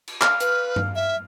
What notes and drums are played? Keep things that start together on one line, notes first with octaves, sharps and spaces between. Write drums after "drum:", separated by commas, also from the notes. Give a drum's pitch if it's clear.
drum: cymbal
F5, drum: clap
B4, drum: hi-hat
drum: tom G2
E5